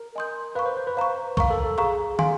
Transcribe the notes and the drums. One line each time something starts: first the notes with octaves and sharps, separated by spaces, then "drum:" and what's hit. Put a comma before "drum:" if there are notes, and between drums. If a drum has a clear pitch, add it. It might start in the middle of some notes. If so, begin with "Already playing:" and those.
Already playing: A#4
D#5 G#5 C6 D#6 G6
B4 F5 A#5 C#6
C5
C5
B4
C5 F5 A#5 C#6
A#4 F5 A#5 C#6, drum: kick B1
A4
A4
G#4 F5 A#5 C#6
F5 G#5 C6, drum: tom